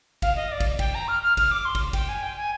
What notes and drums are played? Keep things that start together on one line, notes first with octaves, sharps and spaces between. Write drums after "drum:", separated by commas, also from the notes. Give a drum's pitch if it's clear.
F5, drum: kick, cymbal
D#5
D5
drum: kick, cymbal
G5, drum: kick, cymbal
A#5
F6
F6
F6, drum: kick, cymbal
D6
C6
drum: kick, cymbal
G5, drum: kick, cymbal
G#5
G5
G#5